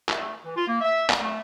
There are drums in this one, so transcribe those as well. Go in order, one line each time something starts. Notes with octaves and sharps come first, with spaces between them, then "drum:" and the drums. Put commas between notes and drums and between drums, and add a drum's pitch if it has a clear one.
A3, drum: clap
E3
F4
A#3
E5
drum: clap
A3